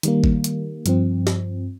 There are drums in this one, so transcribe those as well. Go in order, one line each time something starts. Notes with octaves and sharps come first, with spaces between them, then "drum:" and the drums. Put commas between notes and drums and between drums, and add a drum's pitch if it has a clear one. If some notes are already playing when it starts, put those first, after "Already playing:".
D#3 G3 A#3, drum: hi-hat
drum: kick G#1
drum: hi-hat
G2 F3 C4, drum: hi-hat
drum: snare